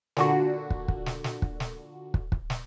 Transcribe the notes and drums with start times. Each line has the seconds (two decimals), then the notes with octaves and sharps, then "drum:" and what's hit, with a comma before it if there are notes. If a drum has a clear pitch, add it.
0.17 A#2 D3 F#4, drum: snare
0.70 drum: kick
0.88 drum: kick
1.06 drum: snare
1.24 drum: snare
1.42 drum: kick
1.60 drum: snare
2.14 drum: kick
2.32 drum: kick
2.50 drum: snare